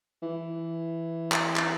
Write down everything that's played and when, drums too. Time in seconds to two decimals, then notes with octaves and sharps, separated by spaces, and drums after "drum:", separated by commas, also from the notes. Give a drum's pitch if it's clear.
0.22 E3
1.32 drum: clap
1.56 drum: clap